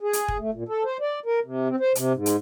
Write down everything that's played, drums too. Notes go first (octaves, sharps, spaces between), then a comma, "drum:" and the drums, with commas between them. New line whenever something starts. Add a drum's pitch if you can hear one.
G#4
drum: hi-hat
drum: kick
A3
A#2
A4
C5
D5
A#4
C3
C4
C5
C3, drum: hi-hat
G#2
drum: hi-hat